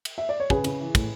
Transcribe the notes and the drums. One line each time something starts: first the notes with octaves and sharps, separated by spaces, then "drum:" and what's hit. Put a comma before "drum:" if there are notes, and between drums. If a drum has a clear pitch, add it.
drum: cymbal
E5
D5
C#5
C#3 G#4 B4, drum: kick
C#3, drum: cymbal
E3
A2, drum: kick, cymbal